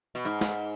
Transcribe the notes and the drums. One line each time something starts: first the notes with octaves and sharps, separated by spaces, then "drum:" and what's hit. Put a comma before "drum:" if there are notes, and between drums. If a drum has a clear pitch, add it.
B2
G#2
drum: snare